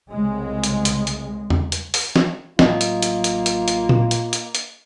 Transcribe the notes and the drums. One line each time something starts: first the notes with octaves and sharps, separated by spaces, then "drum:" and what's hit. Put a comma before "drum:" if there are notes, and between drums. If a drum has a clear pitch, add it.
C2 C#3 G#3
drum: hi-hat
drum: hi-hat
drum: hi-hat
drum: tom E2
drum: hi-hat
drum: open hi-hat
drum: snare
A1 F#3 A#3 F4 D#5, drum: snare
drum: hi-hat
drum: hi-hat
drum: hi-hat
drum: hi-hat
drum: hi-hat
drum: tom A#2
drum: hi-hat
drum: hi-hat
drum: hi-hat